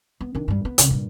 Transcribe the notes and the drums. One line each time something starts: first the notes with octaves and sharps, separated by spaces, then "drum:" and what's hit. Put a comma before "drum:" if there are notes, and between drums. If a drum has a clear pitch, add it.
B3
D#3 D4
G2 G3
B3
C2 C#3, drum: hi-hat
G2 A#2